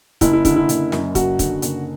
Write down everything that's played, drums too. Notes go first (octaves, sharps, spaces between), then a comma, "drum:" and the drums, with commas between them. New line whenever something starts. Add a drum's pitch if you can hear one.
F#1 E4, drum: kick, hi-hat
E4
D3 E4, drum: kick, hi-hat
E4
F#1, drum: hi-hat
F#2, drum: snare
F#1 F#4, drum: kick, hi-hat
D3, drum: kick, hi-hat
F#1, drum: hi-hat